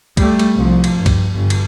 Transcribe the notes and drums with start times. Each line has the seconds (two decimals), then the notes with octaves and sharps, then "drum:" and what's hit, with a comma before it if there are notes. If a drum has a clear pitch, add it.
0.17 G3 A3, drum: kick, cymbal
0.39 drum: cymbal
0.55 C2 F3
0.84 drum: cymbal
0.96 G2
1.06 drum: kick, cymbal
1.35 G1
1.50 drum: cymbal